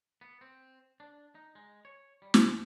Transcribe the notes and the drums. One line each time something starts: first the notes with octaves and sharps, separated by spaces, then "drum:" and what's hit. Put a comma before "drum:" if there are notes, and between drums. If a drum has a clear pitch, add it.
B3
C4
D4
D#4
G#3
C#5
G3
drum: snare